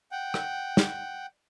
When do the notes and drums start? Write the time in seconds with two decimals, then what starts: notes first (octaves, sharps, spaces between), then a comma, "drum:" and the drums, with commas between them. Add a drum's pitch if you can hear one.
0.12 F#5 G5
0.34 drum: rim click
0.77 drum: snare